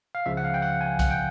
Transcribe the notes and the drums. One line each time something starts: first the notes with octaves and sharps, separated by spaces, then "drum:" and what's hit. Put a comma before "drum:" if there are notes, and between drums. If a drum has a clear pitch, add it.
F5
C#2 C#3 F3 E5
F#5
F5
G5
F#5
G#5
F#5, drum: kick, hi-hat
G5